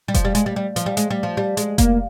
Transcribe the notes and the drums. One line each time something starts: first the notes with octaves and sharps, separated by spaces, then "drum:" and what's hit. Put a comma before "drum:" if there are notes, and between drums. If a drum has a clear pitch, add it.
G3
F3, drum: kick F1, hi-hat
G3
G#3, drum: hi-hat
G3
G3
F3, drum: hi-hat
G3
G#3, drum: hi-hat
G3
F3
G3
G#3, drum: hi-hat
A#3, drum: kick F1, hi-hat